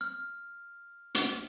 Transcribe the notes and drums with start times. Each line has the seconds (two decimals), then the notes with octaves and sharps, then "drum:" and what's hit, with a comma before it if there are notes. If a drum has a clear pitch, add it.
0.01 F6
1.15 drum: hi-hat